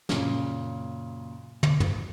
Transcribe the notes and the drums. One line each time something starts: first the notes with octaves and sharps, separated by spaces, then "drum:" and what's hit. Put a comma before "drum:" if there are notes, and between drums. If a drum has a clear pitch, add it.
F#2 A#2 C#3, drum: snare
drum: tom
drum: tom